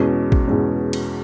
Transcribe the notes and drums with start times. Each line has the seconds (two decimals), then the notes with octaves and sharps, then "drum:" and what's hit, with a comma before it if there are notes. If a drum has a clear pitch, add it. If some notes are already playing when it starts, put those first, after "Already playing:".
Already playing: E2 B2 G#3 C#4
0.32 drum: kick A1
0.47 E2 B2 G#3 C#4
0.93 drum: cymbal